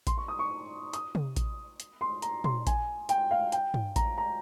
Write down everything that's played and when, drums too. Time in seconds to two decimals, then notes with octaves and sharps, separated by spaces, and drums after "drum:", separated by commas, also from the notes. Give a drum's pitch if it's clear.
0.07 C6, drum: kick A1, hi-hat
0.18 C#6
0.28 D#6
0.39 C#6
0.93 D#6, drum: hi-hat
1.15 drum: tom C3
1.36 drum: kick A1, hi-hat
1.80 drum: hi-hat
2.01 C6
2.22 A#5, drum: hi-hat
2.44 C6, drum: tom A#2
2.67 G#5, drum: kick A1, hi-hat
3.09 G5, drum: hi-hat
3.31 F5
3.52 G5, drum: hi-hat
3.74 drum: tom G2
3.96 A#5, drum: kick A1, hi-hat
4.18 A#5